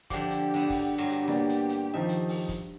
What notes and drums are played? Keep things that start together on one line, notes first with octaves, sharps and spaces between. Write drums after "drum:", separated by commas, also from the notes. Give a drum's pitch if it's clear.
D3 F3 G4 D6, drum: kick, hi-hat
drum: hi-hat
D3 B3
drum: kick, open hi-hat
G2 F#3 G4
drum: hi-hat
A#3 B3 D5, drum: snare
drum: hi-hat
drum: hi-hat
D#3 F3 D#4 E5
drum: hi-hat
drum: open hi-hat
drum: kick, hi-hat